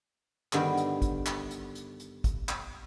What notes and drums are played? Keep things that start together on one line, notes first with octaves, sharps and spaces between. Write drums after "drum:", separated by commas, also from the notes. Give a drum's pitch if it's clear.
G2 D3 D#3 B3 G5, drum: clap
drum: hi-hat
drum: kick G#1, hi-hat
drum: clap
drum: hi-hat
drum: hi-hat
drum: hi-hat
drum: kick G#1, hi-hat
drum: clap